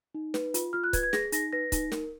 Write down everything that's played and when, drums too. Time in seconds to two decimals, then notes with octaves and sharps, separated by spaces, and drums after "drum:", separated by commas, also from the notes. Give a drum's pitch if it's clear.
0.15 D#4
0.34 B4, drum: snare
0.54 F4, drum: hi-hat
0.73 F4 F6
0.84 F#6
0.93 B4 G#6, drum: kick C#1, hi-hat
1.03 G#6
1.13 G#4 A#6, drum: snare
1.32 D#4 A#6, drum: hi-hat
1.53 B4 A#6
1.72 D#4, drum: kick C#1, hi-hat
1.92 A#4, drum: snare